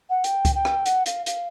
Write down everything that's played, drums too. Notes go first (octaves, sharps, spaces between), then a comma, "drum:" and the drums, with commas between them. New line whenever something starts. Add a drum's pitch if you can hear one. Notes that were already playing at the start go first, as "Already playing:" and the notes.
F#5
G5, drum: hi-hat
drum: kick C#2, hi-hat
G5
drum: rim click
F#5, drum: hi-hat
F5, drum: hi-hat
F5, drum: hi-hat